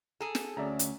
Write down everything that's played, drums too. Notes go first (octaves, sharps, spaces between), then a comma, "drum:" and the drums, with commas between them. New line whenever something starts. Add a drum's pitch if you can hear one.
G#4 A4 A#5
drum: snare
D2 C#4 D5 E5 A#5
drum: hi-hat